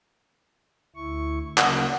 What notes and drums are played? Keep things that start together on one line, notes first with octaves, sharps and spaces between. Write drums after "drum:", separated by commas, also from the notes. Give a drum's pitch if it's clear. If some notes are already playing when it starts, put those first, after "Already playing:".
D2 E4 C#6
C#3 F#3 A#3 F#5, drum: clap